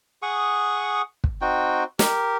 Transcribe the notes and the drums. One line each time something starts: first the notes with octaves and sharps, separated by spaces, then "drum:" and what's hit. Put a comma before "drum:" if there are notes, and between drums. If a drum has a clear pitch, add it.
G#4 F#5 C#6 D#6
drum: kick
C4 D#4 F#4 G5
G4 A#4, drum: snare